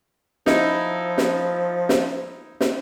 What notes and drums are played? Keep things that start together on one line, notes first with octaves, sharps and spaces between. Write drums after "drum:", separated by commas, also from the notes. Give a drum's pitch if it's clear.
F3 D#4 E4, drum: snare
drum: snare
drum: snare
drum: snare